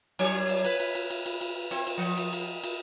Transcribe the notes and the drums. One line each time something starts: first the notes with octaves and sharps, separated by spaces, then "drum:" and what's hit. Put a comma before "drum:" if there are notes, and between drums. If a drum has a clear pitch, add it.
F#3 D4 C#5, drum: cymbal
drum: cymbal
B4, drum: cymbal
drum: cymbal
drum: cymbal
drum: cymbal
drum: cymbal
drum: cymbal
C4, drum: cymbal
drum: cymbal
F3
drum: cymbal
drum: cymbal
drum: cymbal